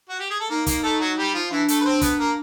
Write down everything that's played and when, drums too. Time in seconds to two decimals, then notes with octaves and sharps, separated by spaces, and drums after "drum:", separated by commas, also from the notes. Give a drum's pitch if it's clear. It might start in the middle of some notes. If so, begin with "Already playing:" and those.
0.09 F#4
0.20 G4
0.30 G#4
0.40 A4
0.50 A#3 D#4 A#4
0.66 A#3 A#4, drum: kick, hi-hat
0.83 A3 A4
1.00 F#3 F#4
1.17 G3 G4
1.34 F3 F4
1.51 E3 D4 E4
1.68 A3 A4, drum: hi-hat
1.81 B4
1.85 C4 C5
2.01 B3 B4, drum: kick, hi-hat
2.19 A#3 A#4